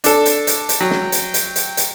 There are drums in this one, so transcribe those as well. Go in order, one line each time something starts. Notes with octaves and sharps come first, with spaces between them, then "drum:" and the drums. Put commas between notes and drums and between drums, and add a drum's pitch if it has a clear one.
D4 A4, drum: hi-hat
drum: hi-hat
drum: hi-hat
drum: hi-hat
F#3 G5
drum: snare
drum: hi-hat
drum: hi-hat
drum: hi-hat
drum: hi-hat